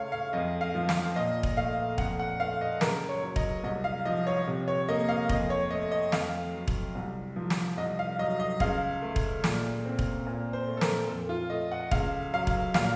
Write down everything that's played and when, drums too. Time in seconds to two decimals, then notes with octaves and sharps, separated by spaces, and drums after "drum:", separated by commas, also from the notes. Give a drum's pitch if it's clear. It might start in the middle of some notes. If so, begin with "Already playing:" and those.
Already playing: C#2 A3 C#5 F5
0.12 F5
0.33 F2 D#5
0.61 F5
0.75 F3
0.89 F5, drum: snare
1.16 A#2 D#5
1.43 drum: kick E1
1.57 A3 F5
1.98 F2 F#5, drum: kick E1
2.20 F#5
2.40 A3 F5
2.61 D#5
2.81 C#2 A#4, drum: snare
3.09 C#5
3.23 F#3
3.36 D#5, drum: kick E1
3.63 C2 D#5
3.84 F5
4.05 F3 D#5
4.27 C#5
4.47 C3
4.68 C#5
4.89 A#3 D#5
5.09 F5
5.29 F2 D#5, drum: kick E1
5.50 C#5
5.70 A3 D#5
5.91 D#5
6.12 F2 F5, drum: snare
6.53 F#3
6.68 drum: kick E1
6.95 C2
7.36 F3
7.50 drum: snare
7.77 C2 D#5
7.99 F5
8.19 F#3 D#5
8.40 D#5
8.60 C#2 F5, drum: kick E1
9.02 A3
9.16 drum: kick E1
9.44 A#2, drum: snare
9.85 C4
9.99 drum: kick E1
10.27 A#2
10.53 C5
10.67 A3
10.77 A4
10.81 A#4, drum: snare
11.09 F2 A4
11.29 F4
11.50 A3 D#5
11.72 F#5
11.91 C#2 F5, drum: kick E1
12.33 F#3 F5
12.47 drum: kick E1
12.74 A#2 F5, drum: snare